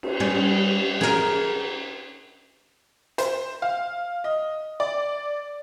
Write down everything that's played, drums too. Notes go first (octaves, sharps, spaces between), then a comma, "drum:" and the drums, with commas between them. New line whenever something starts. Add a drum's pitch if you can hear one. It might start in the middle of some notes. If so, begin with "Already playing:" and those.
drum: cymbal
G3 C#4
G#4 A#4, drum: snare
C5, drum: hi-hat
F5
D#5
D5